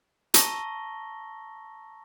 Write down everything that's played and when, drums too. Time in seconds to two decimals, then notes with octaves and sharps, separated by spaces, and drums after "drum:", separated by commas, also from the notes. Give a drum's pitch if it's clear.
0.34 A5 A#5 C#6 E6 A#6 G7, drum: hi-hat